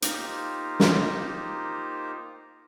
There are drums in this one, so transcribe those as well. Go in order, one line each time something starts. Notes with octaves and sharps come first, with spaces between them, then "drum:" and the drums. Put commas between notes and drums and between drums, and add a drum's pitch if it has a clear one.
A#3 D#4 F4 G4 A#4 C5, drum: hi-hat
drum: snare